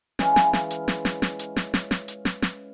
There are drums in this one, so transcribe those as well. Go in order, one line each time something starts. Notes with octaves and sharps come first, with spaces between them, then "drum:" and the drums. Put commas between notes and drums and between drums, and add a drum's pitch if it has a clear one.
E3 G#3 C#4 F4, drum: snare
drum: snare
drum: snare
drum: hi-hat
drum: snare
drum: snare
drum: snare
drum: hi-hat
drum: snare
drum: snare
drum: snare
drum: hi-hat
drum: snare
drum: snare